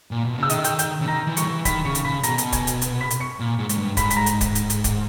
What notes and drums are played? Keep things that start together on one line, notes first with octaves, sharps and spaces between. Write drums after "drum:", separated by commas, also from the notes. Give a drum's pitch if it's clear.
A#2
B2
C#3
E6
D#3 D#5 D#6, drum: hi-hat
G5 G6, drum: hi-hat
G5 G6, drum: hi-hat
C#3
D#3 A#5 A#6
E3
G3 C#6 C#7, drum: hi-hat
E3
D#3 B5 B6, drum: kick, hi-hat
C#3 C#6 C#7
drum: hi-hat
C#3 B5 B6
B2 A#5 A#6, drum: hi-hat
drum: hi-hat
G#5 G#6, drum: kick, hi-hat
drum: hi-hat
drum: hi-hat
B5 B6
drum: hi-hat
C#6 C#7
A#2
G#2
G#2, drum: hi-hat
G2
G#2 B5 B6, drum: kick, hi-hat
B6, drum: hi-hat
A#5 A#6
drum: hi-hat
drum: kick, hi-hat
drum: hi-hat
drum: hi-hat
drum: kick, hi-hat